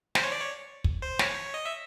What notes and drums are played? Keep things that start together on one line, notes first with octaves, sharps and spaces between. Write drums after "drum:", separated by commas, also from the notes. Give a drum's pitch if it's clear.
C5, drum: snare
C#5
D5
C#5
drum: kick
C5
C#5, drum: snare
D#5
E5